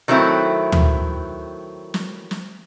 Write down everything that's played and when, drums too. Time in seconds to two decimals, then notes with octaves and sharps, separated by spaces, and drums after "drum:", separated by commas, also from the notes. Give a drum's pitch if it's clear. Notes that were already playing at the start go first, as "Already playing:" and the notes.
0.08 D#3 F#3 A3 C4 E4
0.72 drum: tom
1.94 drum: snare
2.31 drum: snare